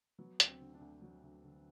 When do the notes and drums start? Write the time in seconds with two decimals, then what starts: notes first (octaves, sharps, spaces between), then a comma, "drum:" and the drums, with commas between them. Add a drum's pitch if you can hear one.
0.19 F#3 B3
0.40 D2, drum: hi-hat
0.47 C4
0.61 D3
0.74 D4
0.81 D2
1.02 F#3
1.23 D2
1.44 D3